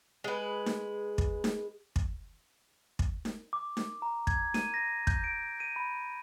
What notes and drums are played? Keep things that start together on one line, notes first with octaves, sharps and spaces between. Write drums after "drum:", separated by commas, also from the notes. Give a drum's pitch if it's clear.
G#3 B4
drum: snare D#4
drum: kick
drum: snare D#4
drum: kick
drum: kick
drum: snare D#4
D6
drum: snare D#4
A#5
G#6, drum: kick
D#7, drum: snare D#4
A#6
G6, drum: kick
D7
D#7
B5